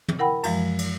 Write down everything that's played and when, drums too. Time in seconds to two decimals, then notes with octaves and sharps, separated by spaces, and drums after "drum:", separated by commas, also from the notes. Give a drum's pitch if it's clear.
0.08 drum: tom
0.19 E4 A#4 F#5 G5 B5
0.43 F#2 E3 F3 G#3, drum: cymbal
0.79 drum: cymbal